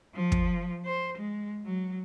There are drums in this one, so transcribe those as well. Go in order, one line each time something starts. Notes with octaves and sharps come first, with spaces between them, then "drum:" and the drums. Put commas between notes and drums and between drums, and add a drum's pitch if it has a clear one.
F3
drum: kick
C5
G#3
F#3